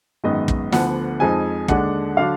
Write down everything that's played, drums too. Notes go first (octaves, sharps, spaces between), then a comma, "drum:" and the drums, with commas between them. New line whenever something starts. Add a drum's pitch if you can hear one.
G#1 F#2 D#3 G#3 B3 D#5
drum: kick
D2 D3 F3 B3 F#5, drum: snare
F2 F3 G#3 D#4 G#5
D#2 D3 G#3 D4 F#5, drum: kick
D3 F#3 D4 F5